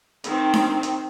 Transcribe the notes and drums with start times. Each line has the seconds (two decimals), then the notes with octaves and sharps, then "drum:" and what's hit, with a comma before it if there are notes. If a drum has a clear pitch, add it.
0.24 D#3 C4, drum: hi-hat
0.54 drum: snare D4
0.83 drum: hi-hat